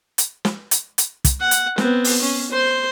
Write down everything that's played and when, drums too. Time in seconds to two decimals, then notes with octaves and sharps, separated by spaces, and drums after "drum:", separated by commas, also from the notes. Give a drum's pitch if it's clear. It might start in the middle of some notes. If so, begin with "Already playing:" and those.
0.18 drum: hi-hat
0.45 drum: snare
0.71 drum: hi-hat
0.98 drum: hi-hat
1.25 drum: kick, hi-hat
1.40 F#5
1.51 drum: hi-hat
1.78 B3 C4, drum: snare
2.04 drum: open hi-hat
2.22 C#4
2.51 C5 C6